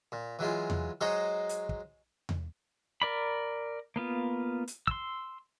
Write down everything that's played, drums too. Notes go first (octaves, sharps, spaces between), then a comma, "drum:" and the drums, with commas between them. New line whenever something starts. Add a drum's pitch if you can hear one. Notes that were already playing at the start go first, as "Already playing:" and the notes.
A#2
E3 F#3 G#3 F4
drum: tom E2
F#3 G#3 D#4 C5 C#5 D#5
drum: hi-hat
drum: kick
drum: tom E2
A#4 D5 B5
A#3 B3 F4
drum: hi-hat
C6 E6, drum: kick